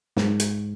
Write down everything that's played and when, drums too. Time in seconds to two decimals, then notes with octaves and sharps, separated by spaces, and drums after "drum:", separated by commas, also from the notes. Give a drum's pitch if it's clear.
0.17 G#2, drum: snare
0.40 drum: hi-hat